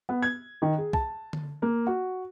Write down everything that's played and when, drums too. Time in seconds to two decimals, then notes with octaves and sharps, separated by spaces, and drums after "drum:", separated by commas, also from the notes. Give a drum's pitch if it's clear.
0.09 B3
0.22 G#6
0.62 D#3
0.78 G#4
0.93 A5, drum: kick B1
1.33 drum: tom D3
1.62 A#3
1.87 F#4